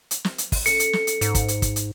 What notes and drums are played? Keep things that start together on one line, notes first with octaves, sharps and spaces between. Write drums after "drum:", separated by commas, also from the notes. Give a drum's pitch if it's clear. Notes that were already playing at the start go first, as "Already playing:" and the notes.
drum: hi-hat
drum: snare
drum: hi-hat
drum: kick, open hi-hat
C#4 A4 C#7, drum: hi-hat
drum: hi-hat
drum: snare
drum: hi-hat
G#2, drum: hi-hat
drum: kick, hi-hat
drum: hi-hat
drum: kick, hi-hat
drum: hi-hat